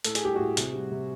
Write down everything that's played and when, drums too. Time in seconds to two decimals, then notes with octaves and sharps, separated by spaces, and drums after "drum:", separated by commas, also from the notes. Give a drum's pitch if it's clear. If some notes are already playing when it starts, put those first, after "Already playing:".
0.04 A2 A4, drum: hi-hat
0.15 G#4, drum: hi-hat
0.22 G3 G4
0.34 A2 F#4 G#4
0.57 C3, drum: hi-hat
0.74 G3
0.91 C3